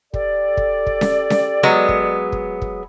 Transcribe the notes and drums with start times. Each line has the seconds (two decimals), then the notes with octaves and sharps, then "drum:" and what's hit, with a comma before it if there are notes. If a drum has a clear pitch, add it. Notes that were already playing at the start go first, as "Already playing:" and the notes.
0.14 G4 A4 D5, drum: kick
0.57 drum: kick
0.87 drum: kick
1.01 drum: snare C#4
1.30 drum: snare C#4
1.63 F#3 G#3 B3
1.89 drum: kick
2.32 drum: kick
2.62 drum: kick